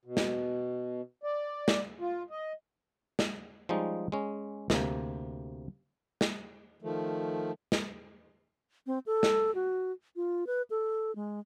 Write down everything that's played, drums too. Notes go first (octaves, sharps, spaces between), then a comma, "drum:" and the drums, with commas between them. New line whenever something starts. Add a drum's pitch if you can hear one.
B2
drum: snare
D5
drum: snare
F4
D#5
drum: snare
F3 G3 G#3 C#4 D#4
G#3 C#4
D2 C3 A#3, drum: snare
drum: snare
D#3 F3 A3
drum: snare
C4
A4
drum: snare
F#4
F4
B4
A4
G#3